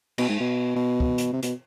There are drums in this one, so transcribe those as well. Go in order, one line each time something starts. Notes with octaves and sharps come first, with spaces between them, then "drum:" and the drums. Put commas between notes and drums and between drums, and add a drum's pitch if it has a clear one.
B2, drum: cymbal
G#2
B2
B2
drum: kick
drum: hi-hat
C3
B2, drum: hi-hat